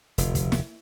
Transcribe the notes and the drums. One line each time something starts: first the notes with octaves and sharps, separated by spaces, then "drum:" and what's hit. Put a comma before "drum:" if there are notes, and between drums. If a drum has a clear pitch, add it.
F1 D2, drum: hi-hat
drum: kick, hi-hat
drum: snare